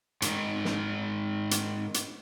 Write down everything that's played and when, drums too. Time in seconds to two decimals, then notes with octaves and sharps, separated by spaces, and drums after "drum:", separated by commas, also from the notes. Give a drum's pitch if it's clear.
0.22 G#2 D#3, drum: hi-hat
0.65 drum: snare
1.51 drum: hi-hat
1.94 drum: hi-hat